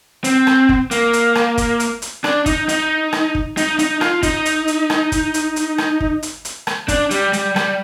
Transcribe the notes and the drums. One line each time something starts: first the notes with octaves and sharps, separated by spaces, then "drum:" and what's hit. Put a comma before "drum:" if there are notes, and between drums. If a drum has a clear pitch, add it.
C4, drum: hi-hat
drum: rim click
drum: kick
A#3, drum: hi-hat
drum: hi-hat
drum: rim click
drum: kick, hi-hat
drum: hi-hat
drum: hi-hat
D4, drum: rim click
D#4, drum: kick, hi-hat
D#4, drum: hi-hat
drum: rim click
drum: kick
D#4, drum: hi-hat
D#4, drum: hi-hat
F4, drum: rim click
D#4, drum: kick, hi-hat
drum: hi-hat
drum: hi-hat
drum: rim click
drum: kick, hi-hat
drum: hi-hat
drum: hi-hat
drum: rim click
drum: kick
drum: hi-hat
drum: hi-hat
drum: rim click
D4, drum: kick, hi-hat
G3, drum: hi-hat
G3, drum: hi-hat
G3, drum: rim click